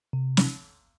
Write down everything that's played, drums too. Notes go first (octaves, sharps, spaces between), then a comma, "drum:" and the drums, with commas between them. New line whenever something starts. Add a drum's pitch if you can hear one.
C3
drum: snare